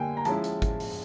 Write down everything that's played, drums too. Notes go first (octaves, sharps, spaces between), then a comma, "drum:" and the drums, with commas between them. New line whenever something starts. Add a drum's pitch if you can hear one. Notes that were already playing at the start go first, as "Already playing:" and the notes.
Already playing: D3 G3 A#3 G5 G#5
A#5
F3 G#3 C#4 E4 A5, drum: hi-hat
drum: hi-hat
drum: kick G#1, hi-hat
drum: open hi-hat